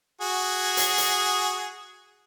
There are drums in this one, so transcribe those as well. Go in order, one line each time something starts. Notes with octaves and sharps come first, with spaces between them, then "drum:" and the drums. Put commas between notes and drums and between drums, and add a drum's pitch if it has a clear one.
F#4 G#4
drum: hi-hat
drum: hi-hat